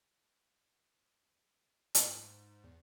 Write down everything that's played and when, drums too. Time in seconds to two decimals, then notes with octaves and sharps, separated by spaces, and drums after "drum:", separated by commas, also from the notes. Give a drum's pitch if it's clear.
1.95 G#2, drum: hi-hat
2.64 E2